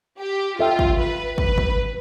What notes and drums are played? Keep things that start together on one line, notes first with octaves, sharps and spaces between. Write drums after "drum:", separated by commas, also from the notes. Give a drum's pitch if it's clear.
G4
F4 A4 E5 G5
drum: kick
B4
B4, drum: kick
drum: kick